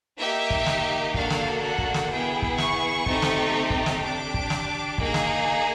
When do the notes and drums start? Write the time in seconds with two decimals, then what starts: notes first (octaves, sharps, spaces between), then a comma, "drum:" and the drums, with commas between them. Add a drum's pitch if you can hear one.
0.18 A#3 D#4 G4 E5
0.50 drum: kick
0.66 drum: snare
1.14 A#3 D4 F#4 A4 F5, drum: kick
1.30 drum: snare
1.62 F#5
1.78 drum: kick
1.94 drum: snare
2.10 B3 E4 G#4 G5
2.42 drum: kick
2.58 C#6, drum: snare
3.06 A3 C4 D#4 G4, drum: kick
3.22 drum: snare
3.70 drum: kick
3.86 drum: snare
4.02 D4 G4 D6
4.34 drum: kick
4.50 drum: snare
4.98 A#3 D#4 G#4, drum: kick
5.14 drum: snare